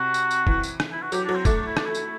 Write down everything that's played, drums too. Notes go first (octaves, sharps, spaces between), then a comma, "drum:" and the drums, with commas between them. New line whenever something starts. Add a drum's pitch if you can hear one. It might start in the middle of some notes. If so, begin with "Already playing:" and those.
Already playing: C3 F#4
drum: tambourine
drum: tambourine
E3, drum: kick
drum: tambourine
drum: rim click
E4
F#4
F#3 G4, drum: tambourine
F#3 D4
C4
A3 D4, drum: kick, tambourine
D4
E4
D4, drum: rim click
E4
drum: tambourine